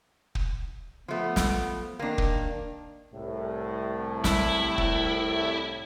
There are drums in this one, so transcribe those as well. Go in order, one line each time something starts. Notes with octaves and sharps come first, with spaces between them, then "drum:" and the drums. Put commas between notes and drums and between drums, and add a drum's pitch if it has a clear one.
drum: kick
F3 A3 B3
drum: snare
D#3 A#3 D4
drum: kick
C2 A2
E4, drum: snare
drum: kick